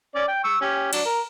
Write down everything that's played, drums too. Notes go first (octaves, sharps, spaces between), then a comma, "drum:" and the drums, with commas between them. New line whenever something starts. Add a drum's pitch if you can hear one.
C#4 D5
G5
C#6 E6
C#4 G4
F#3 D4, drum: cymbal
A#4